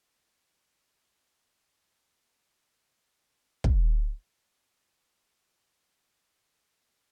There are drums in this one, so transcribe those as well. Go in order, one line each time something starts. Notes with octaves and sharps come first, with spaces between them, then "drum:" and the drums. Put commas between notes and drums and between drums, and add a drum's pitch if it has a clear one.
G#2
G#4
A#3
D2
C4
drum: kick
D#4 E4 A4 B4 G#5
D#2 A2 G4 C5
A2 A3 C4 E4 A#4 B4
A2 G#3 C5 G5 G#5